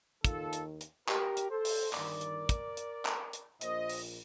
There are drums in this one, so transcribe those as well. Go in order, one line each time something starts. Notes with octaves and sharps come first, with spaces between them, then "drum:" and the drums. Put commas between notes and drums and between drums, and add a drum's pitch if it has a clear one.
D#2 D#3 F4 A4, drum: kick, hi-hat
drum: hi-hat
drum: hi-hat
G4 A#4, drum: clap
drum: hi-hat
A4 C5
drum: open hi-hat
G1 G2 D#3 A#4 D5, drum: clap
drum: hi-hat
drum: kick, hi-hat
drum: hi-hat
drum: clap
drum: hi-hat
A#1 A#2 C5 D#5, drum: hi-hat
drum: open hi-hat